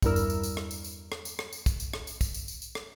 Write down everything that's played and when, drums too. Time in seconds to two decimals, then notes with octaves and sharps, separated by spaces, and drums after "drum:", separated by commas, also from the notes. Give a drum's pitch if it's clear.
0.02 E2 G2 G3 E4 A#4 E6, drum: kick, tambourine
0.16 drum: tambourine
0.30 drum: tambourine
0.43 drum: tambourine
0.57 drum: rim click
0.71 drum: tambourine
0.84 drum: tambourine
1.12 drum: rim click
1.25 drum: tambourine
1.39 drum: rim click
1.53 drum: tambourine
1.66 drum: kick, tambourine
1.80 drum: tambourine
1.93 drum: rim click
2.07 drum: tambourine
2.21 drum: kick, tambourine
2.34 drum: tambourine
2.48 drum: tambourine
2.62 drum: tambourine
2.75 drum: rim click